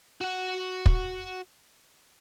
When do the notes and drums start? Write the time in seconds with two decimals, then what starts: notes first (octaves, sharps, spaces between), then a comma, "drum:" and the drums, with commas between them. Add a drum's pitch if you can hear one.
0.21 F#4 F#5
0.86 drum: kick